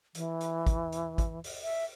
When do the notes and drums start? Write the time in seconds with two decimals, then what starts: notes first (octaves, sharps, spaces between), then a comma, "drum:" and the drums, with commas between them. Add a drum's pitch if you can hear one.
0.15 E3, drum: hi-hat
0.41 drum: hi-hat
0.67 drum: kick, hi-hat
0.92 drum: hi-hat
1.18 drum: kick, hi-hat
1.44 drum: open hi-hat
1.63 E5